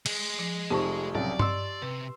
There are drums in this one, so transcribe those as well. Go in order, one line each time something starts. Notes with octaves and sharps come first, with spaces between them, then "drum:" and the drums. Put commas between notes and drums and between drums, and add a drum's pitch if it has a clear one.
G#3, drum: cymbal
F3
F1 F2 D#4 G4 C5 A5 C#6
C2 C#3 F#3 D5
D#5 C6 D6 E6, drum: tom G2
C3 B4